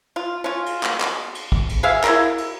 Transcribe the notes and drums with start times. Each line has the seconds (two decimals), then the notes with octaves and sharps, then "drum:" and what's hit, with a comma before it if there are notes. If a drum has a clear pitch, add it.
0.16 F4
0.44 C#4 F4
0.66 drum: cymbal
0.83 drum: clap
1.00 drum: clap
1.35 drum: cymbal
1.52 drum: kick
1.69 drum: cymbal
1.83 G#4 E5 F5
2.03 E4 A#4, drum: clap
2.38 drum: cymbal